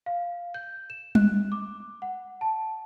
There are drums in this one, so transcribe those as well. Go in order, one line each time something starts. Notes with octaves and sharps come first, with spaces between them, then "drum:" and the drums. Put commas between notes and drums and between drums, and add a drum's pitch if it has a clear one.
F5
G6
E7
F#6, drum: tom G3
D6
F#5
A5